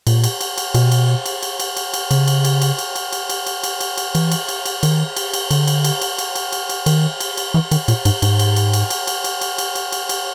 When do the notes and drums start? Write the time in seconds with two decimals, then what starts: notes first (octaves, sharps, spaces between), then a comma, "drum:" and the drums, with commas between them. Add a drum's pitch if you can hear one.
0.07 A#2, drum: cymbal
0.24 drum: cymbal
0.41 drum: cymbal
0.58 drum: cymbal
0.74 B2, drum: cymbal
0.92 drum: cymbal
1.26 drum: cymbal
1.43 drum: cymbal
1.60 drum: cymbal
1.77 drum: cymbal
1.94 drum: cymbal
2.11 C#3, drum: cymbal
2.28 drum: cymbal
2.45 drum: cymbal
2.62 drum: cymbal
2.79 drum: cymbal
2.96 drum: cymbal
3.13 drum: cymbal
3.30 drum: cymbal
3.47 drum: cymbal
3.64 drum: cymbal
3.81 drum: cymbal
3.97 drum: cymbal
4.15 E3, drum: cymbal
4.31 drum: cymbal
4.48 drum: cymbal
4.65 drum: cymbal
4.83 D#3, drum: cymbal
5.16 drum: cymbal
5.33 drum: cymbal
5.51 D3, drum: cymbal
5.67 drum: cymbal
5.84 drum: cymbal
6.01 drum: cymbal
6.18 drum: cymbal
6.35 drum: cymbal
6.52 drum: cymbal
6.69 drum: cymbal
6.86 D#3, drum: cymbal
7.20 drum: cymbal
7.37 drum: cymbal
7.54 E3
7.71 D#3, drum: cymbal
7.88 A#2, drum: cymbal
8.05 G#2, drum: cymbal
8.22 G#2, drum: cymbal
8.39 drum: cymbal
8.56 drum: cymbal
8.73 drum: cymbal
8.90 drum: cymbal
9.07 drum: cymbal
9.24 drum: cymbal
9.41 drum: cymbal
9.58 drum: cymbal
9.75 drum: cymbal
9.92 drum: cymbal
10.09 drum: cymbal